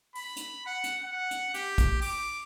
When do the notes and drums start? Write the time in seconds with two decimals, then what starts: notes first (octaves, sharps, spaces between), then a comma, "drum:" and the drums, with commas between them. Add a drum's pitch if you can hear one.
0.15 B5, drum: open hi-hat
0.37 drum: hi-hat
0.67 F#5
0.84 drum: hi-hat
1.03 F#5
1.31 drum: hi-hat
1.54 G4, drum: hi-hat
1.78 drum: kick, hi-hat
2.02 D6, drum: open hi-hat